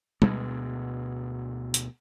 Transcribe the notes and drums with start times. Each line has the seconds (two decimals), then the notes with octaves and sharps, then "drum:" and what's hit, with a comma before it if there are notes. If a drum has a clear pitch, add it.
0.22 D2 B2 G#3, drum: tom
1.74 drum: hi-hat